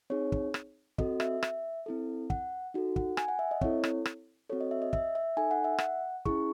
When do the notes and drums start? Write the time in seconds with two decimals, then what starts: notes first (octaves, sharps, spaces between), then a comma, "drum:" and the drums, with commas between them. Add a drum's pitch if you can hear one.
0.10 C4 D#4 G#4 C#5
0.32 drum: kick
0.54 drum: rim click
0.98 C4 F#4 A4 D#5, drum: kick
1.20 E5, drum: rim click
1.43 E5, drum: rim click
1.86 C4 E4 A4
2.30 F#5, drum: kick
2.74 D#4 F#4 A4
2.96 F#5, drum: kick
3.17 G#5, drum: rim click
3.28 F#5
3.39 E5
3.51 D#5
3.61 C4 E4 A4 C#5, drum: kick
3.84 drum: rim click
4.06 drum: rim click
4.49 C4 F#4 A4 C#5
4.61 D#5
4.71 E5
4.82 D#5
4.93 E5, drum: kick
5.15 E5
5.37 D#4 A4 G#5
5.51 F#5
5.64 E5
5.78 F#5, drum: rim click
6.25 C#4 E4 G#4 C#6, drum: kick